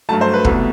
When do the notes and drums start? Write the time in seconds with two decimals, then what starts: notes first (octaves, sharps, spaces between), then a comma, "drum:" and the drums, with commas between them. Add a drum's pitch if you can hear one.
0.09 G2 F#3 A3 A5
0.21 C5
0.34 B4
0.45 C2 B2 A3 A4, drum: kick